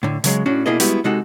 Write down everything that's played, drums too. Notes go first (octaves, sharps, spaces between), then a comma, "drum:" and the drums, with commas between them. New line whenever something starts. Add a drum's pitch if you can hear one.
A2 D3
C#3 F#3 G#3, drum: hi-hat
A2 C#4 D4 F#4
B2 A#3 D4 E4 G#4 D#5
G3 G#3 B3 E4 F#4 G4, drum: hi-hat
C3 G#3 D#4 F#4 A4